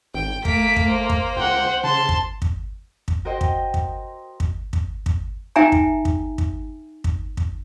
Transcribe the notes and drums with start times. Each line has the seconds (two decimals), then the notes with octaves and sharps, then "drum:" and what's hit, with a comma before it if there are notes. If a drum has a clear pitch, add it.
0.14 G#1 G5
0.45 A3 A#3 B6 D7, drum: kick
0.76 drum: kick
0.89 C5
1.09 drum: kick
1.36 C#2 F#5 G5
1.84 C#3 A5 C6
2.09 drum: kick
2.42 drum: kick
3.08 drum: kick
3.25 F#4 A#4 C5 D#5 G5
3.41 drum: kick
3.74 drum: kick
4.40 drum: kick
4.73 drum: kick
5.06 drum: kick
5.56 D#4 E5 G5 G#5 A#5
5.72 drum: kick
6.05 drum: kick
6.38 drum: kick
7.04 drum: kick
7.37 drum: kick